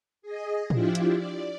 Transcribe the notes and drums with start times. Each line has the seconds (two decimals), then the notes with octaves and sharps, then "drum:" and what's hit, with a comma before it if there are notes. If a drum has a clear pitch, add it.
0.22 G#4 D#5
0.70 F3 D4 E4 F4 G4, drum: tom A2
0.95 drum: hi-hat
1.16 D5